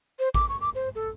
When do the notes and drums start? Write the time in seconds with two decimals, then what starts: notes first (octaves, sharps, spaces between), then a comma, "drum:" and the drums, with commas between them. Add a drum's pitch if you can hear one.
0.19 C5
0.34 D6, drum: kick A1
0.49 C#6
0.61 D6
0.75 C5
0.95 A4